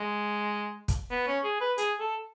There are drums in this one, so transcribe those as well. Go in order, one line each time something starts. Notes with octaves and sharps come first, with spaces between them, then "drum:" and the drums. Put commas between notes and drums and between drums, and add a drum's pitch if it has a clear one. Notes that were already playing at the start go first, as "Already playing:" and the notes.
Already playing: G#3
drum: kick, hi-hat
B3
C#4
G#4
B4
G#4, drum: hi-hat
A4